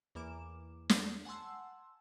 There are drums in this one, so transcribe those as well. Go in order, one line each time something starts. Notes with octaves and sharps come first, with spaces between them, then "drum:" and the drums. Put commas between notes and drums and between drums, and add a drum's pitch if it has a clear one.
E2 E3 A#3 D6 E7
drum: snare
F#5 G#5 A5 C6 E6